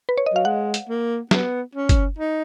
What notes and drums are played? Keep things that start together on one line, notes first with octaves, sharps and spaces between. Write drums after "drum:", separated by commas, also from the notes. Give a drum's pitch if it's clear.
B4
C#5
D#5
F#3 F5
G#3 F#5
drum: hi-hat
A#3
B3, drum: snare
C#4
drum: kick, hi-hat
D#4